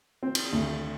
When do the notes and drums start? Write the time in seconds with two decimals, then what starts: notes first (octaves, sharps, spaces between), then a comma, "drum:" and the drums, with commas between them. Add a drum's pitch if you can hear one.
0.23 C4
0.35 drum: cymbal
0.53 D2